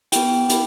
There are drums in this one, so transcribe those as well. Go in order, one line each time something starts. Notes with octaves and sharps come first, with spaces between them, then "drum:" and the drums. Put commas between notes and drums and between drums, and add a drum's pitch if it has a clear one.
B3 E4 G4 G5, drum: hi-hat
E4 G4, drum: hi-hat